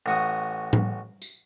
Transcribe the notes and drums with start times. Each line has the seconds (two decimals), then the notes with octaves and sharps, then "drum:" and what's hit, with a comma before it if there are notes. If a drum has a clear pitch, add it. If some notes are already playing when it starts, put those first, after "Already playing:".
0.06 A1 F#4 D#6
0.73 drum: tom A2
1.22 drum: tambourine